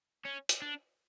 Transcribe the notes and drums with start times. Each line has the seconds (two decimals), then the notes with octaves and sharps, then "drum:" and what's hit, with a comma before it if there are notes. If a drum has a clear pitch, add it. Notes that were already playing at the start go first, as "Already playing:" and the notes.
0.25 C#4
0.49 drum: hi-hat
0.62 D4